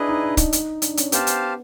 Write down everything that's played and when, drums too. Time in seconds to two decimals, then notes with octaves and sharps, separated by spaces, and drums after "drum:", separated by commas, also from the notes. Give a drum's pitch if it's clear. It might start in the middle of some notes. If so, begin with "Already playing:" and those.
Already playing: D4 E4 G#4 B4 D#5
0.09 D#4
0.23 D4
0.37 D#4, drum: kick, hi-hat
0.53 drum: hi-hat
0.82 D4, drum: hi-hat
0.93 D4
0.97 C#4, drum: hi-hat
1.12 B3 G4 C5 F5 A5, drum: hi-hat
1.27 drum: hi-hat